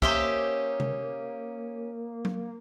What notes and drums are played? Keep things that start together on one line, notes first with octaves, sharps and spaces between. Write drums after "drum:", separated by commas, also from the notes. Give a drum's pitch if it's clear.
A#3 C#4 G4 C5 D#5 E5, drum: kick
drum: tom C3
drum: tom F#3